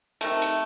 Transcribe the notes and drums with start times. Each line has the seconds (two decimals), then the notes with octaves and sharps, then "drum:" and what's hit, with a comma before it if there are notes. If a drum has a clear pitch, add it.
0.21 C3 D#3 A3, drum: hi-hat
0.42 drum: hi-hat